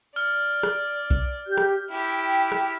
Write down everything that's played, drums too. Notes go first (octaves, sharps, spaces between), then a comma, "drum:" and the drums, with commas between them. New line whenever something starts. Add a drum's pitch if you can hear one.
D5 F6, drum: hi-hat
drum: rim click
drum: kick B1, hi-hat
G4 G6
drum: rim click
E4 G4 G5
drum: hi-hat
drum: rim click